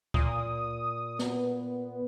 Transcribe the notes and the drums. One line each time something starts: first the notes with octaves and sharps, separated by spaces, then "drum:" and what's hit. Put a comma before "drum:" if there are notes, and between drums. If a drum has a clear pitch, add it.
A#2 D#6, drum: kick C#2
B3, drum: snare